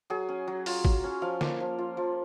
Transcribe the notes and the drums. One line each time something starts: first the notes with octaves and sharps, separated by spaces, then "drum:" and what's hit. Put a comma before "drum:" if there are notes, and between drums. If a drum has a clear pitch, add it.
F#3 G#4
C#4
F#3
F4, drum: open hi-hat
F#3, drum: kick
C#4
F3 F5
A#3, drum: snare
F3
F4
F3